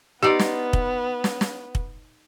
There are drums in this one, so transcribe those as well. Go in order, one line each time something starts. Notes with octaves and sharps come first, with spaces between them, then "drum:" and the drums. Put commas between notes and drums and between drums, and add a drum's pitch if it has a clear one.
B3 D#4 F4 G4 D5
drum: snare
drum: kick
drum: snare
drum: snare
drum: kick